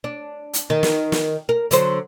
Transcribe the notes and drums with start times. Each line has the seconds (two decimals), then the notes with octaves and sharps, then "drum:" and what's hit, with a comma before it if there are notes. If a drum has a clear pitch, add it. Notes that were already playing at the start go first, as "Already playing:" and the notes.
0.04 D4
0.54 drum: hi-hat
0.70 D#3
0.83 drum: snare
1.12 drum: snare
1.49 A#4
1.71 D3 F#3 C5, drum: hi-hat